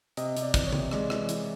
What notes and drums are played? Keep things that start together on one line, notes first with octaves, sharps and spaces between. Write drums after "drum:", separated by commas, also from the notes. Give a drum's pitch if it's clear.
C3 D#5, drum: hi-hat
C3, drum: hi-hat
D5
E3, drum: kick, hi-hat
C#5
C3, drum: tom C#3
G#3 D5, drum: rim click
E3, drum: rim click
E3, drum: hi-hat